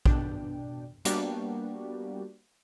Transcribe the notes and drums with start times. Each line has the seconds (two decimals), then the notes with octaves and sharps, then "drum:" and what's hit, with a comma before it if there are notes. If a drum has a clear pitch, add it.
0.06 B2 D4 G5, drum: kick A#1
1.05 G3 A#3 B3 D4 F#4 G4, drum: hi-hat